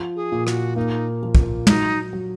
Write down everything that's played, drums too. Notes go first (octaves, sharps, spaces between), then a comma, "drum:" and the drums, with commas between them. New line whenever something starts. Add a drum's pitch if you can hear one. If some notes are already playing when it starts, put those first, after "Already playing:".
Already playing: F3
G#4
A#2
F#4, drum: rim click
A#3 D#4
F3
drum: kick
F#3 D#4, drum: tom
F#3